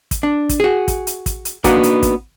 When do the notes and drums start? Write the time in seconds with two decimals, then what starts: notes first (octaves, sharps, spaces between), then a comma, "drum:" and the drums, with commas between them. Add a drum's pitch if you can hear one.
0.11 drum: kick, hi-hat
0.23 D4
0.49 drum: kick, hi-hat
0.60 F#4 G#4
0.88 drum: kick, hi-hat
1.07 drum: hi-hat
1.26 drum: kick, hi-hat
1.45 drum: hi-hat
1.64 A#3 B3 D4 D#4 F#4 B4, drum: kick, hi-hat
1.83 drum: hi-hat
2.03 drum: kick, hi-hat